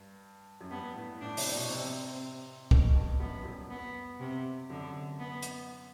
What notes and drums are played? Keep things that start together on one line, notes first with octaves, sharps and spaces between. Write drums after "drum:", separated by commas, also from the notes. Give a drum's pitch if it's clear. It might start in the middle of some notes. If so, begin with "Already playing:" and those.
Already playing: G2
F#2
G2 B3
A2
A2 D4
C3, drum: open hi-hat
B2
C3 C4
B2, drum: kick
G2
F#2 B3
G2
F#2
B3
C3
F#2 D3
B3
drum: hi-hat